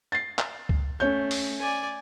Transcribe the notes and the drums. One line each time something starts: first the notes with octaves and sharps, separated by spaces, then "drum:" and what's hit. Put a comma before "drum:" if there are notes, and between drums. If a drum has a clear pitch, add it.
A6 C7
drum: clap
drum: kick C#2
A3 C#4 C#5 G6
drum: open hi-hat
D5 G#5